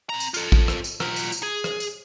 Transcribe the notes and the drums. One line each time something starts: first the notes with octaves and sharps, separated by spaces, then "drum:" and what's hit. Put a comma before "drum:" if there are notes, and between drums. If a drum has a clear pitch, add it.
C4 A#5
drum: tambourine
F4 A4, drum: tambourine
drum: kick A1
drum: rim click
drum: tambourine
F#3 F4, drum: rim click
drum: tambourine
drum: tambourine
G#4
drum: rim click
drum: tambourine